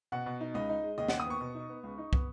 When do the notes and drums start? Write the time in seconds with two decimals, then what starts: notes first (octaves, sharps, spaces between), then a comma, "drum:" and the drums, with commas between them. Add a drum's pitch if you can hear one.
0.12 B2 F#5
0.26 B2
0.41 D#4
0.54 C#2 D#5
0.69 D#4
0.83 G#3
0.98 D#2 D#5
1.09 D#2 F#5, drum: snare
1.20 D#6
1.27 B3 C#6
1.41 B2
1.55 D#4
1.69 B3
1.83 C#2
1.98 D#4
2.13 B3, drum: kick